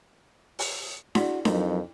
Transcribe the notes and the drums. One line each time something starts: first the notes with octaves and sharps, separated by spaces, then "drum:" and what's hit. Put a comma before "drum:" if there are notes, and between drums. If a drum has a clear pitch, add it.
drum: open hi-hat
E4 F#4 G#4 D5, drum: snare D4
F2 F#3 D#4 A#4, drum: snare D4